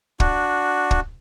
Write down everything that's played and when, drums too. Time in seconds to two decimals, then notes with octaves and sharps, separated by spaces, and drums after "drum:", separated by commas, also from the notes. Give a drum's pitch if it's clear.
0.20 D4 F#4, drum: kick
0.91 drum: kick